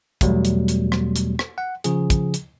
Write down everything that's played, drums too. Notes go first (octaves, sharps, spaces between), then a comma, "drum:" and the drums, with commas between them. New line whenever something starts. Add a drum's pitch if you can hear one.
E2 B2 F#3 G3 A3, drum: kick, hi-hat
drum: hi-hat
drum: hi-hat
drum: rim click
drum: hi-hat
drum: rim click
F#5
C#3 F3 G#4, drum: hi-hat
drum: kick, hi-hat
drum: hi-hat